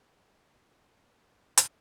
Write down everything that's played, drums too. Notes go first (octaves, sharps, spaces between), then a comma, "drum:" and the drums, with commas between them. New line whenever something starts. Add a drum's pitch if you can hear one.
B3 F#4 F#5
drum: hi-hat